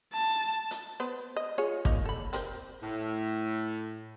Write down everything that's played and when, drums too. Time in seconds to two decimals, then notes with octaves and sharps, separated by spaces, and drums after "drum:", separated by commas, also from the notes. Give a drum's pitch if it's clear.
0.13 A5
0.71 drum: hi-hat
1.00 B3 B4 C5
1.36 D#5
1.58 F4 G#4 C#5
1.85 A#3 D#4, drum: kick
2.06 A4 B5
2.33 C4 A#4 C5, drum: hi-hat
2.83 A2